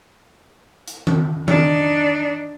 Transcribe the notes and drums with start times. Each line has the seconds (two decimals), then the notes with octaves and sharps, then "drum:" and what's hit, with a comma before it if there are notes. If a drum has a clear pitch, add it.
0.88 drum: hi-hat
1.07 drum: tom D#3
1.48 D4 D#4, drum: tom D#3